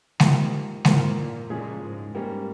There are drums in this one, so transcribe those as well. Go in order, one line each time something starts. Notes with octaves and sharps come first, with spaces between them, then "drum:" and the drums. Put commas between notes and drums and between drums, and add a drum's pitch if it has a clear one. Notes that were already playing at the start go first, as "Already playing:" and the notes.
G#2 F3 A#3 D#4 G4, drum: snare G#3
G#2 A#3 F4 C5, drum: snare G#3
A#2
A#2 C#3 F3 G#3 C#4 G#4
G#2
G#2 G3 A#3 C#4